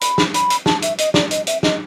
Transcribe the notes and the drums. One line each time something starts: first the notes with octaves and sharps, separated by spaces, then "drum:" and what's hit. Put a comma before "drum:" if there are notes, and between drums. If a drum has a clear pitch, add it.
B5, drum: hi-hat
drum: snare
B5, drum: hi-hat
drum: hi-hat
A5, drum: snare
E5, drum: hi-hat
D#5, drum: hi-hat
D5, drum: snare
D#5, drum: hi-hat
E5, drum: hi-hat
D#5, drum: snare